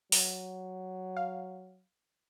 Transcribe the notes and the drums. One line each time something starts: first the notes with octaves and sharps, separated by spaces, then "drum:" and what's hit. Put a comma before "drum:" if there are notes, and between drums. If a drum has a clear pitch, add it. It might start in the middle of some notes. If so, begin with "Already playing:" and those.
F#3, drum: open hi-hat
F5